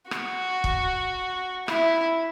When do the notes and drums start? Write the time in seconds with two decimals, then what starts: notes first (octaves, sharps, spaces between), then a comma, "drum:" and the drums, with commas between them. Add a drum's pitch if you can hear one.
0.11 F#4, drum: rim click
0.64 drum: kick
1.68 E4, drum: rim click